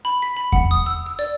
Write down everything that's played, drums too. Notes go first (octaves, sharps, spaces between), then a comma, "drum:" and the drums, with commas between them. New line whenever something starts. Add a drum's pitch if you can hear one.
B5
B6
B5
F#5, drum: kick E2
D#6
E6
E6
D5